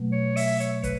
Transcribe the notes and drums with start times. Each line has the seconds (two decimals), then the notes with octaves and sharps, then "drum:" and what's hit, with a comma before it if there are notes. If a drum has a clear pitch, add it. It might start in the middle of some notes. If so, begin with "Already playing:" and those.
Already playing: B2 F#3 A3
0.12 C#5
0.37 E5, drum: open hi-hat
0.60 C#5, drum: hi-hat
0.84 B4, drum: kick, hi-hat